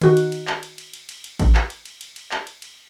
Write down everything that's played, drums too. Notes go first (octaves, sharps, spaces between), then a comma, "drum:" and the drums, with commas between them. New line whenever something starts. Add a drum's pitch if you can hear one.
D#3 F#4, drum: cymbal
drum: cymbal
drum: cymbal
drum: clap
drum: cymbal
drum: cymbal
drum: cymbal
drum: cymbal
drum: cymbal
drum: kick A1, cymbal
drum: clap
drum: cymbal
drum: cymbal
drum: cymbal
drum: cymbal
drum: clap
drum: cymbal
drum: cymbal